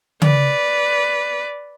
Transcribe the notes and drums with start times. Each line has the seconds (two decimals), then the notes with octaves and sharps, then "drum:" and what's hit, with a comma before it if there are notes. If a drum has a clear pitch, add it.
0.22 B4 D5, drum: tom C#3